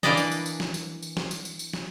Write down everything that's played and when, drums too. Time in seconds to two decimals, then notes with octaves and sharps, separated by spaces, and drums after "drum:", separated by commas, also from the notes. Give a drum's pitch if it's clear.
0.03 E3 A#3 D4 B4 D5 D#5, drum: snare
0.17 drum: tambourine
0.32 drum: tambourine
0.46 drum: tambourine
0.60 drum: snare
0.74 drum: tambourine
1.02 drum: tambourine
1.17 drum: snare
1.31 drum: tambourine
1.45 drum: tambourine
1.59 drum: tambourine
1.73 drum: snare